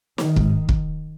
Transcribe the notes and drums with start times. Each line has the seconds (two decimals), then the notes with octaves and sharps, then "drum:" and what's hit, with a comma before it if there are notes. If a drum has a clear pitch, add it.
0.18 D#3, drum: snare
0.36 G#2, drum: kick
0.69 drum: kick